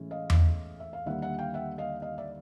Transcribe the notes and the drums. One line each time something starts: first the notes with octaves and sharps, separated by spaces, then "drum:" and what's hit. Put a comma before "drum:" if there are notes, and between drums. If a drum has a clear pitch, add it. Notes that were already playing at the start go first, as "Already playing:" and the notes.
Already playing: A2 E3 G#3 C#4
D#5 F5
drum: tom E2
E5
F5
D#2 D3 G3 A#3 E5 F#5
E5 F#5
F5 G5
E5 F#5
D#5 F5
D#5 F5
D5 E5